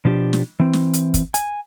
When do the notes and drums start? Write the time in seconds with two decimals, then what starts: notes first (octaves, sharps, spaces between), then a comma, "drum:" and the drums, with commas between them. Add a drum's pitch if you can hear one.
0.05 B2 F3 D4 G4
0.33 drum: snare
0.60 E3 C4
0.73 drum: snare
0.94 drum: hi-hat
1.14 drum: kick, hi-hat
1.34 G#5, drum: hi-hat